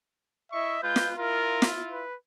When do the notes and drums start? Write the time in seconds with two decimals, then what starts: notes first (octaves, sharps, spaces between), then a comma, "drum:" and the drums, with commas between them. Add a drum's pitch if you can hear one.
0.52 E4 D#5 E5 C#6
0.83 G#3 F4 B4 G6
0.96 drum: snare
1.16 E4 F4 A#4
1.62 drum: snare
1.91 B4